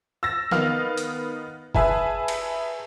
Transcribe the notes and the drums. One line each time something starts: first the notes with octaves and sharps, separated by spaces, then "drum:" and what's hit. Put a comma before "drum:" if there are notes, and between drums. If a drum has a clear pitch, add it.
E6 A6 A#6
D#3 B3 D#4 F5 F6, drum: snare
drum: hi-hat
G#4 B4 E5 G#5 A5, drum: kick
drum: cymbal